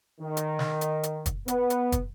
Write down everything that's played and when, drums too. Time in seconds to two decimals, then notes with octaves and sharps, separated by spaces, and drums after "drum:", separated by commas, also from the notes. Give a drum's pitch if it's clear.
0.21 D#3
0.37 drum: hi-hat
0.59 drum: snare
0.81 drum: hi-hat
1.03 drum: hi-hat
1.26 drum: kick, hi-hat
1.48 B3, drum: hi-hat
1.70 drum: hi-hat
1.92 drum: kick, hi-hat